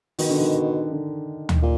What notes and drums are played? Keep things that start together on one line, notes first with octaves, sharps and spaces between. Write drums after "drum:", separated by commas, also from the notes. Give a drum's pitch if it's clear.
B2 D#3, drum: open hi-hat
D3
D#3
D3
drum: tom D2
A#2